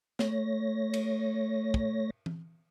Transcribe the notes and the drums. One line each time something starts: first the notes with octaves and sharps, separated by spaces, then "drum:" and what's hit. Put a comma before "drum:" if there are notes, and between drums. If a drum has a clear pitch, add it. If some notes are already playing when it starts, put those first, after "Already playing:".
A3 C#5 A#6, drum: snare
drum: cymbal
drum: kick
drum: tom E3